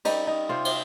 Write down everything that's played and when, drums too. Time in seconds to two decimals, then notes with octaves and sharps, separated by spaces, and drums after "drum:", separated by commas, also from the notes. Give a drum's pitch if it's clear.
0.05 G3 D#4, drum: cymbal
0.27 D#4
0.49 C3 C4 F4
0.65 drum: cymbal